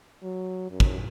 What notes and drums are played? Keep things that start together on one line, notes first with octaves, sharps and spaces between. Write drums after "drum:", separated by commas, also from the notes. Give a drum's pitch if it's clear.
F#3
F#2
drum: kick